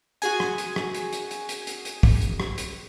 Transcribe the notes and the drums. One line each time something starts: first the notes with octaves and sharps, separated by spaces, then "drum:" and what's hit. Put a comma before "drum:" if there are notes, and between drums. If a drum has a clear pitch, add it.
F#4 G#4 G#5, drum: hi-hat
drum: rim click
drum: hi-hat
drum: rim click
drum: hi-hat
drum: hi-hat
drum: hi-hat
drum: hi-hat
drum: hi-hat
drum: hi-hat
drum: kick, open hi-hat
drum: hi-hat
drum: rim click
drum: hi-hat